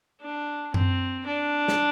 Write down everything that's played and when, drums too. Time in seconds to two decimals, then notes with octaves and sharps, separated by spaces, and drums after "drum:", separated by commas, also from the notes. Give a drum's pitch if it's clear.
0.21 D4
0.74 C4, drum: tom F#2
1.27 D4
1.68 drum: snare